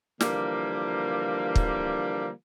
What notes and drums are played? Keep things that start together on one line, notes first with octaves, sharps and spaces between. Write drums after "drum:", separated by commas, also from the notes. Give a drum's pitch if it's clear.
D3 E3 F3 G3 A#3, drum: snare
drum: kick